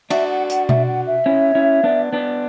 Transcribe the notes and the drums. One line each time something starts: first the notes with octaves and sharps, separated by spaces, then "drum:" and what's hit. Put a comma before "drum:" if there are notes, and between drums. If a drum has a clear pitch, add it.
D4 F#4 E5, drum: cymbal
F#5
F#5, drum: hi-hat
E5, drum: tom B2
F#5
E5
C#4 E4
C#4 E4
B3 D4
B3 D4